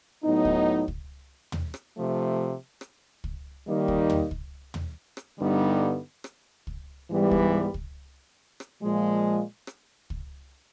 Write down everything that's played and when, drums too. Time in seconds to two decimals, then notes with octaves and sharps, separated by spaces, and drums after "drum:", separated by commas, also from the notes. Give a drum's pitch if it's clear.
0.23 A2 F#3 B3 D#4
0.45 drum: kick
0.88 drum: kick
1.52 drum: tom
1.74 drum: rim click
1.95 C3 F3 A3
2.81 drum: rim click
3.24 drum: kick
3.66 D#3 G3 A#3 D#4
3.88 drum: kick
4.10 drum: tom
4.31 drum: kick
4.74 drum: tom
5.17 drum: rim click
5.39 G2 D3 G3 B3 D#4
6.24 drum: rim click
6.67 drum: kick
7.09 G#2 E3 G3 B3
7.31 drum: kick
7.74 drum: kick
8.60 drum: rim click
8.82 A#2 F3 G#3
9.67 drum: rim click
10.10 drum: kick